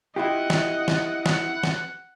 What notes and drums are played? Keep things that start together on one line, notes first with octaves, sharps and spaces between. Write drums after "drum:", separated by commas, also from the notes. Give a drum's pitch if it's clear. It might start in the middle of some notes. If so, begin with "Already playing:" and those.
E4 F4 G4 D#5 F#5
drum: snare
drum: snare
F#5, drum: snare
drum: snare